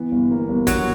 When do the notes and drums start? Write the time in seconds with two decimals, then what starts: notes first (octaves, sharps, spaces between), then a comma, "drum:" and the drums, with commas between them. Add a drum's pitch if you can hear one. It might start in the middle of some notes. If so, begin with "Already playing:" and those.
Already playing: E3 B3
0.12 G1
0.31 A#3
0.49 G1
0.67 F#3 A#3, drum: kick, hi-hat